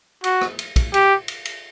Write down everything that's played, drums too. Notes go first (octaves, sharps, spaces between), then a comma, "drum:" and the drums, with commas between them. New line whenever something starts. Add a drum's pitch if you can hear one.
F#4, drum: cymbal
drum: rim click
drum: cymbal
drum: kick, cymbal
G4, drum: cymbal
drum: cymbal
drum: cymbal